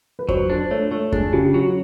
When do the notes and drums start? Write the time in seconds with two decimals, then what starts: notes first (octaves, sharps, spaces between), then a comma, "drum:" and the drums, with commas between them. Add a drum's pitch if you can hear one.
0.19 B4
0.29 F#3 C5, drum: kick F2
0.50 D4 C5
0.71 A3 C#5
0.91 A3 C#5
1.12 D4 G#4, drum: kick F2
1.33 C#3 G4
1.54 F#3 F#4